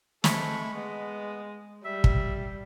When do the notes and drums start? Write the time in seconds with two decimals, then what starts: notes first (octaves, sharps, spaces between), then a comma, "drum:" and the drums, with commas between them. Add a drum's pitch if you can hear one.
0.24 G#3 A3 B5 C#6, drum: snare
0.74 G#3 B3
1.84 G3 E5
2.04 drum: kick